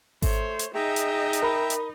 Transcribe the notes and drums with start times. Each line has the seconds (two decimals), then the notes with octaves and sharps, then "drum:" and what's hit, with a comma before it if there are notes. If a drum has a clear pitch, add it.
0.22 A3 C5 C#5, drum: kick G#1, open hi-hat
0.59 drum: hi-hat
0.75 D#4 G#4 D#5 E5 G5 A#5
0.96 drum: hi-hat
1.33 drum: hi-hat
1.43 A#4 B5
1.70 drum: hi-hat